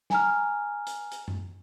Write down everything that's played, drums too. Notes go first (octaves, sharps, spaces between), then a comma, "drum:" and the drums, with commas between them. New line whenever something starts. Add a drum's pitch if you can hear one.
G#5 A#5 F6, drum: snare
drum: hi-hat
drum: hi-hat
drum: tom F#2